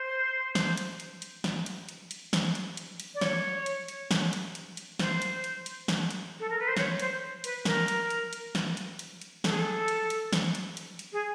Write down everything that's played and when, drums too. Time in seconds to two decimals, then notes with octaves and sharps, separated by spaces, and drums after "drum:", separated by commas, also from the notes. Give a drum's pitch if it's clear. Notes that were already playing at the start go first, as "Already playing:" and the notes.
Already playing: C5
0.55 drum: snare
0.77 drum: hi-hat
1.00 drum: hi-hat
1.22 drum: hi-hat
1.44 drum: snare
1.66 drum: hi-hat
1.89 drum: hi-hat
2.11 drum: hi-hat
2.33 drum: snare
2.55 drum: hi-hat
2.77 drum: hi-hat
3.00 drum: hi-hat
3.14 D5
3.21 C#5, drum: snare
3.66 drum: hi-hat
3.88 drum: hi-hat
4.11 drum: snare
4.33 drum: hi-hat
4.55 drum: hi-hat
4.77 drum: hi-hat
4.99 C5, drum: snare
5.22 drum: hi-hat
5.44 drum: hi-hat
5.66 drum: hi-hat
5.88 drum: snare
6.11 drum: hi-hat
6.40 A4
6.49 A#4
6.59 B4
6.67 C5
6.77 C#5, drum: snare
7.00 C5, drum: hi-hat
7.44 B4, drum: hi-hat
7.65 A#4, drum: snare
7.88 drum: hi-hat
8.10 drum: hi-hat
8.33 drum: hi-hat
8.55 drum: snare
8.77 drum: hi-hat
8.99 drum: hi-hat
9.21 drum: hi-hat
9.44 A4, drum: snare
9.51 G#4
9.59 A4
9.88 drum: hi-hat
10.10 drum: hi-hat
10.33 drum: snare
10.55 drum: hi-hat
10.77 drum: hi-hat
10.99 drum: hi-hat
11.12 G#4